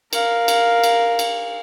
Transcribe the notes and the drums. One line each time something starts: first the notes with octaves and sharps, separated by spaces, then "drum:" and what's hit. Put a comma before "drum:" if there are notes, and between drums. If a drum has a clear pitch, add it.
A#4 F5, drum: cymbal
drum: cymbal
drum: cymbal
drum: cymbal